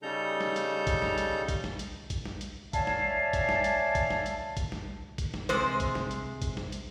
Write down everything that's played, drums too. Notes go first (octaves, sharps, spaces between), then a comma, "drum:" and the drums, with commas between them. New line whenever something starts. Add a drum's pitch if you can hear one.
C#3 G3 D#4 A4 A#5 G6
drum: snare
drum: hi-hat
drum: kick A1, hi-hat
drum: snare
drum: hi-hat
drum: kick A1, hi-hat
drum: snare
drum: hi-hat
drum: kick A1, hi-hat
drum: snare
drum: hi-hat
C#5 D5 E5 F5 G#5 A5, drum: kick A1, hi-hat
drum: snare
drum: kick A1, hi-hat
drum: snare
drum: hi-hat
drum: kick A1, hi-hat
drum: snare
drum: hi-hat
drum: kick A1, hi-hat
drum: snare
drum: kick A1, hi-hat
drum: snare
C3 G#3 C5, drum: hi-hat
drum: kick A1, hi-hat
drum: snare
drum: hi-hat
drum: kick A1, hi-hat
drum: snare
drum: hi-hat